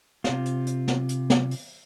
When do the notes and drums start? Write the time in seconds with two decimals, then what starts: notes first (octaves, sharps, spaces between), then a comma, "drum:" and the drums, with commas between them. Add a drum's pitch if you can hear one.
0.24 C3 F4, drum: snare
0.45 drum: hi-hat
0.67 drum: hi-hat
0.88 drum: snare
1.09 drum: hi-hat
1.30 drum: snare
1.51 drum: open hi-hat